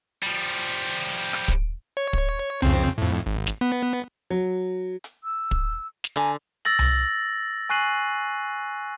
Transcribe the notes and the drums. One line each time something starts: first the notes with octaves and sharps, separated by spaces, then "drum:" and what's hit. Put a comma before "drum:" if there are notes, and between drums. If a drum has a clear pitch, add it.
F3 G3
drum: rim click
drum: kick
C#5
drum: kick
F2 C#3 C4, drum: tom C2
F2 A2
G#1
drum: snare
B3
F#3
drum: hi-hat
E6
drum: kick
drum: snare
D3 G#5 A#5
E6 A6 A#6 F#7, drum: hi-hat
drum: tom C2
G#5 C#6 F#6 C7 D#7 F#7